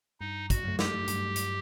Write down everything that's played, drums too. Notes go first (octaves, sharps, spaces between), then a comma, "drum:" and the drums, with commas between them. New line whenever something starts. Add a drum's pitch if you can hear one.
G2 D#4
F#4, drum: kick, hi-hat
F#3 A3
G4, drum: snare
G2, drum: hi-hat
drum: hi-hat